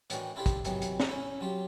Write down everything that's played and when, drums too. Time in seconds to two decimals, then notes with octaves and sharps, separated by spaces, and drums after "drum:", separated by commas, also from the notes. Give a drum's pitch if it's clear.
0.10 A2 D#3 E3 D4 F#4, drum: hi-hat
0.36 D4 E4 F4 G4 A4 C5
0.46 drum: kick, hi-hat
0.65 C3 D#3 E3 F#3 B3, drum: hi-hat
0.82 drum: hi-hat
1.00 drum: snare
1.09 C#4 E4
1.41 F#3 F4 G4